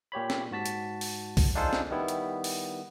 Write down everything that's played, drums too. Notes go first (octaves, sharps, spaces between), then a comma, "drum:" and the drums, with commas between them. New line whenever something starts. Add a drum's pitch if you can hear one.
A#2 G4 C#5 B5
drum: snare
G#2 F#4 A5 B6
drum: hi-hat
drum: open hi-hat
drum: kick B1, open hi-hat
D4 D#4 F4 G#4 A4 C5
drum: snare
D#3 G3 B3 E4
drum: hi-hat
drum: open hi-hat